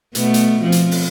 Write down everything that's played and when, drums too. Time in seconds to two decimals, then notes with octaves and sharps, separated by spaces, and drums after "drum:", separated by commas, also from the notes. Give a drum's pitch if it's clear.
0.15 B2 A3 B3, drum: hi-hat
0.34 drum: hi-hat
0.62 F3 C4
0.72 drum: hi-hat
0.91 drum: open hi-hat